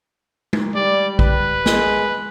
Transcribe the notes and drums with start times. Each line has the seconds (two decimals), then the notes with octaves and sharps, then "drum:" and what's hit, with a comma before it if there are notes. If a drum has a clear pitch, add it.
0.53 drum: tom G#3
0.75 G3 D5
1.19 B4, drum: kick A#1
1.66 G#3, drum: snare